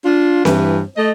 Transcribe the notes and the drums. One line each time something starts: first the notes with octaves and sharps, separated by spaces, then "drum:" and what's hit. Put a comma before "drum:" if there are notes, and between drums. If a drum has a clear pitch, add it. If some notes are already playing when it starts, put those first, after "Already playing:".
D4 F4
G2 E3, drum: snare C4
A3 D#5